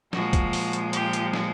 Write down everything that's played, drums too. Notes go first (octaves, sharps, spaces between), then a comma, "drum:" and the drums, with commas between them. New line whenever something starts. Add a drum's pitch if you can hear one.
A#2 F3 G#3 F#4, drum: snare
drum: kick, hi-hat
drum: open hi-hat
drum: hi-hat
G4, drum: hi-hat
drum: hi-hat
drum: snare